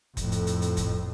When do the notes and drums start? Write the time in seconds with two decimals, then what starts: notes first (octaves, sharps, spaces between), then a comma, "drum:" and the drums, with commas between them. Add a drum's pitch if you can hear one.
0.17 F2 A2, drum: kick F1, hi-hat
0.32 drum: hi-hat
0.47 drum: hi-hat
0.62 drum: hi-hat
0.77 drum: kick F1, hi-hat